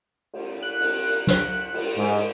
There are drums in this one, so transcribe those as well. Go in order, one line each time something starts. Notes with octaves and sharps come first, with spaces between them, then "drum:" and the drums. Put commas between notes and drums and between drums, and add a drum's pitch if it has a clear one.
drum: cymbal
F#6
drum: cymbal
drum: snare
drum: cymbal
G#2